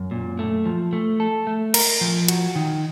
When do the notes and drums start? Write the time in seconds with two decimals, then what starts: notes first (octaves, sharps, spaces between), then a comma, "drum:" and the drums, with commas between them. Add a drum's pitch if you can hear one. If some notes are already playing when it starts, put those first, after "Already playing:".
Already playing: F#2
0.11 A#2
0.39 A3
0.66 F3
0.93 A3
1.20 A4
1.47 A3
1.74 A#4, drum: cymbal
2.01 F3
2.28 F#4, drum: cymbal
2.56 D#3